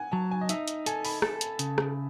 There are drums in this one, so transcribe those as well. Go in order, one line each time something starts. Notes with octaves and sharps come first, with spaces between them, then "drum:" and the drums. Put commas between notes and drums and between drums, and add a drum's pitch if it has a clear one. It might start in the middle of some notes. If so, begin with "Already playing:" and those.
Already playing: F#5 G#5
F#3 A5
G#5
D#5
D#4 E5, drum: hi-hat
drum: hi-hat
A4 G#5, drum: hi-hat
B5, drum: open hi-hat
A4 A5, drum: rim click
drum: hi-hat
C#3, drum: hi-hat
drum: rim click